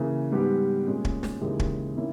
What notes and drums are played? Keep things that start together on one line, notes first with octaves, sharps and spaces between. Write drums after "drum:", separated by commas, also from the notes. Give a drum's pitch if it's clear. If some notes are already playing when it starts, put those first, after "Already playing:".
Already playing: C#3 E3 A#3
G#2 G3 B3 G4
A#2 G#3 C#4
drum: kick
drum: snare
D#2 C#3 E3 G#3
drum: kick
D#3 A#3 C#4 E4